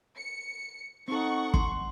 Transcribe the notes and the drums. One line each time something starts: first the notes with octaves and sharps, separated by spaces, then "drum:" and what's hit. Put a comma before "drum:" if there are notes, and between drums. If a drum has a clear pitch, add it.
C#7
C4 D#4 A4 F#5 C#6
C6, drum: kick